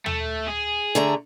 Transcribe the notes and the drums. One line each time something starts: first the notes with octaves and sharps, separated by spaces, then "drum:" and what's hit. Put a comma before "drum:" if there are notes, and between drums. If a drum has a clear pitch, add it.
A3, drum: tom D#2
G#4
D3 A3 A#5